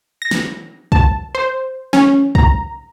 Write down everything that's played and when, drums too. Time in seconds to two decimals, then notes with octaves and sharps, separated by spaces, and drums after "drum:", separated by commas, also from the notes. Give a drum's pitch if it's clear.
0.22 A#6
0.31 drum: snare
0.92 A5, drum: kick
1.35 C5
1.93 C#4, drum: snare
2.35 A#5, drum: kick